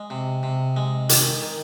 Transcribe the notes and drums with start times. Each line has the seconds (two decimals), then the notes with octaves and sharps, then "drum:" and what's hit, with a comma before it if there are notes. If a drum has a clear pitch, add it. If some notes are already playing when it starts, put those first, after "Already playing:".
Already playing: G#3
0.10 C3
0.43 C3
0.76 G#3
1.09 D#3, drum: hi-hat
1.42 D#3